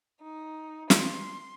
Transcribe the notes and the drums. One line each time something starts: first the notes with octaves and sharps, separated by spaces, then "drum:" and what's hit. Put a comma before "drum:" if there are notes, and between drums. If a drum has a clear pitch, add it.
D#4
C6, drum: snare